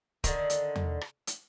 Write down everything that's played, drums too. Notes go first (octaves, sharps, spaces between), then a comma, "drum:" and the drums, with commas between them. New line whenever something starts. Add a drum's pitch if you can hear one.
D3 D#3, drum: kick, hi-hat
drum: hi-hat
drum: tom E2
drum: rim click
drum: hi-hat